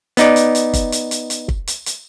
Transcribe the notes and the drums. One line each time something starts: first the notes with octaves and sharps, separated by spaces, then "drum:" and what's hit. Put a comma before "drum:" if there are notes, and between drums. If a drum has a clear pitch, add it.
B3 D#4 D5, drum: hi-hat
drum: hi-hat
drum: hi-hat
drum: kick, hi-hat
drum: hi-hat
drum: hi-hat
drum: hi-hat
drum: kick
drum: hi-hat
drum: hi-hat